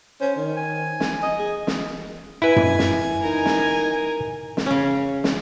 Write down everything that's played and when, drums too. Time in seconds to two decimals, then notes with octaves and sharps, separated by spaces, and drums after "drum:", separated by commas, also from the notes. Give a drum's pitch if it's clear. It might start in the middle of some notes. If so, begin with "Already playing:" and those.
0.21 C#4 C5
0.36 D#3
0.57 G#5
1.00 drum: snare
1.23 D#5
1.39 G#4
1.67 drum: snare
2.42 E4 B4 G#5
2.56 drum: tom F#2
2.79 drum: snare
3.23 D#4 A#4 G#5
3.46 drum: snare
4.57 drum: snare
4.66 C#3 C#4
5.24 drum: snare